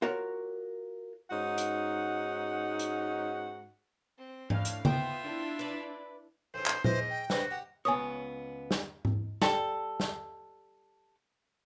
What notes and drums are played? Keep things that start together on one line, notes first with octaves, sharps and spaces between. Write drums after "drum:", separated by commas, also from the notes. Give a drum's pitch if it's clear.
F4 F#4 A#4 C#5
G#2 C#4 D#4 F#4 F#5
drum: hi-hat
drum: hi-hat
C4
A2 D4 F5, drum: tom G#2
drum: hi-hat
B3 F4 C5 E5 G5, drum: tom C#3
D4 E4
B4 D5
A1 G#2 C5
drum: clap
E3 C5 D#5, drum: tom A#2
G#2
G5
D4 F#4 B4 C5, drum: snare
G4 F#5
C#2 B3 C#5 G#5 D#6
drum: snare
drum: tom G#2
G3 A4, drum: snare
drum: snare